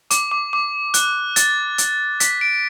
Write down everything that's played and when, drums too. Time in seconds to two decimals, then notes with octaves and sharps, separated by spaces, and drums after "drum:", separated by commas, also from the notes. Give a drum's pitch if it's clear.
0.11 D6, drum: hi-hat
0.32 D6
0.53 D6
0.94 F#6, drum: hi-hat
1.36 A6, drum: hi-hat
1.78 drum: hi-hat
2.20 B6, drum: hi-hat
2.41 D7